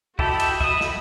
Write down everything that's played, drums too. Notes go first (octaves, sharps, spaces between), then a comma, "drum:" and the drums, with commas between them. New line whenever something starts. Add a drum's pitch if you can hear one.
E4 F#4 G4 A4 D#5 B5, drum: kick
drum: cymbal
E5 D#6, drum: kick
drum: snare